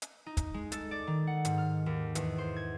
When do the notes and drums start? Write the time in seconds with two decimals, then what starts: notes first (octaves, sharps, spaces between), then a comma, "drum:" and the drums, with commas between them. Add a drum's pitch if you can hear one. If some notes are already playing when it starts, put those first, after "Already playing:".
0.02 drum: hi-hat
0.26 D#4
0.37 drum: kick, hi-hat
0.54 G#3
0.72 A4, drum: hi-hat
0.91 D5
1.07 D#3
1.27 F#5
1.45 G#2, drum: hi-hat
1.58 F6
1.86 D#2
2.15 E2, drum: hi-hat
2.38 C5
2.56 G#6